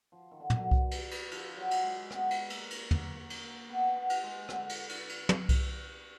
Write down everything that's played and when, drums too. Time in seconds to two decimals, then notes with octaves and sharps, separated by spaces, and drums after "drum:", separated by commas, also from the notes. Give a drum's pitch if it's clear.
0.12 F3
0.31 D#3
0.40 D3
0.50 B2, drum: tom
0.59 D3
0.71 drum: kick C2
0.91 drum: cymbal
1.11 drum: cymbal
1.31 F3, drum: cymbal
1.57 F#3
1.71 drum: cymbal
1.84 G#3
2.11 B3, drum: rim click
2.31 drum: cymbal
2.50 A#3, drum: cymbal
2.70 drum: cymbal
2.91 A#3, drum: tom
3.17 A#3
3.30 drum: cymbal
3.43 A#3
3.69 B3
3.96 B3
4.10 drum: cymbal
4.23 G#3
4.49 D3, drum: rim click
4.69 drum: cymbal
4.89 drum: cymbal
5.09 drum: cymbal
5.29 drum: tom
5.49 drum: kick C2, cymbal